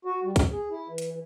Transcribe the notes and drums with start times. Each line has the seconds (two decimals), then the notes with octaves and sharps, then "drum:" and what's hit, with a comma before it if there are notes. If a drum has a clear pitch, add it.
0.05 F#4
0.24 G3
0.36 F2, drum: kick, hi-hat
0.51 G#4
0.71 E4
0.89 E3
0.98 drum: hi-hat
1.11 E3